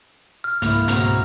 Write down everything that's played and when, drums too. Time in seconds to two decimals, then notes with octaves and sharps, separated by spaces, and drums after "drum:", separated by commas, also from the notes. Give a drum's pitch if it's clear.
0.44 F6
0.62 C#2 G#2 A#3 E4, drum: hi-hat
0.88 B2 C4 A#5, drum: hi-hat